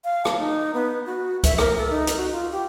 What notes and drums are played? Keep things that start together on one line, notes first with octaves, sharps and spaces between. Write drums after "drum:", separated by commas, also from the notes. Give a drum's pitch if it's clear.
F5
A5, drum: rim click
D#4
B3
F#4
E5, drum: kick C#2, hi-hat
A#4, drum: rim click
A4
D#4
drum: hi-hat
F#4
F4
G4